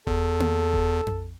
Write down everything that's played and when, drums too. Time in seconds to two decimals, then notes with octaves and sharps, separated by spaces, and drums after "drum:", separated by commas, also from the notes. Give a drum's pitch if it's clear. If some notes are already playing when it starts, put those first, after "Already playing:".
0.07 E2 A4, drum: kick F1
0.40 drum: tom A#3
0.73 drum: kick F1
1.07 drum: tom F2